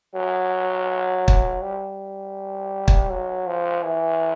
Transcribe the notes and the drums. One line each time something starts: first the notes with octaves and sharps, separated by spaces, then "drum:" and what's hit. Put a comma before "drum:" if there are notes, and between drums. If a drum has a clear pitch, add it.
F#3
drum: kick
G3
drum: kick
F#3
F3
E3